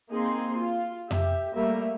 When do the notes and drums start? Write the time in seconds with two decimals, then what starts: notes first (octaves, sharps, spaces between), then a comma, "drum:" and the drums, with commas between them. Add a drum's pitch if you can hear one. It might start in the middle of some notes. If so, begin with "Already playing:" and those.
0.10 A#3 C4 D#4 G#4 C6
0.56 F4
1.11 G4 E5, drum: tom F2
1.55 G3 A3 A#3 A#4 E5